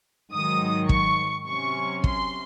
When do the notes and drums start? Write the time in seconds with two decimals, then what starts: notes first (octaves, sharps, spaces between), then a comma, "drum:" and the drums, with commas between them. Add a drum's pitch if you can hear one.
0.32 G#2 D#3 F#3 D#6
0.89 C#6, drum: kick
1.47 C3 F#3 C#4 C#6
2.04 C6, drum: kick